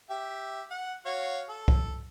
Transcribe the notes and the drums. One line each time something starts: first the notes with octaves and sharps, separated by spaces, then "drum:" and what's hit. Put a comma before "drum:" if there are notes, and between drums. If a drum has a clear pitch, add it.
G4 E5
F#5
F#4 C#5 F5
A4
drum: kick C2